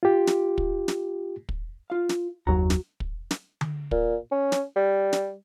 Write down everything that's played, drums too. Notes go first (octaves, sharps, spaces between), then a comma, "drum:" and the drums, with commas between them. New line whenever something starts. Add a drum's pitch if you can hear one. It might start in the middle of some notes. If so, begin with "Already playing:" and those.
F4 G4
drum: snare
drum: kick
drum: snare
drum: kick
F4 F5
drum: snare
F#1 D#2 F#3 F#4 A#5
drum: snare
drum: kick
drum: snare
drum: tom D3
A#2, drum: kick
C#4
drum: snare
G3
drum: snare